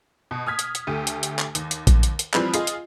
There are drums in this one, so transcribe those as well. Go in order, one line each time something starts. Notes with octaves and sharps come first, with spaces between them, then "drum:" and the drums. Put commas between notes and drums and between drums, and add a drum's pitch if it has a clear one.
B2
D#6 F6 G#6 B6
drum: hi-hat
drum: hi-hat
D2 A3 G4 D#7
drum: hi-hat
drum: hi-hat
drum: clap
D#2, drum: hi-hat
drum: hi-hat
drum: kick A#1, hi-hat
drum: hi-hat
drum: hi-hat
E3 F3 G3 C4 G#4 B4, drum: clap
F4 G#4 D#5, drum: hi-hat
drum: hi-hat